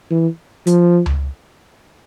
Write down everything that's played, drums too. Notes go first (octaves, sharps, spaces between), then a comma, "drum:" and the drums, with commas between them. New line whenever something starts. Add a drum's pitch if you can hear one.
E3
F3, drum: hi-hat
drum: tom C#2